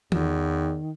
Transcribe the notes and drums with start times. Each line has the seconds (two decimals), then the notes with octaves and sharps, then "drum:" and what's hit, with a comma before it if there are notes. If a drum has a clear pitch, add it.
0.12 E2 D#3, drum: tom E3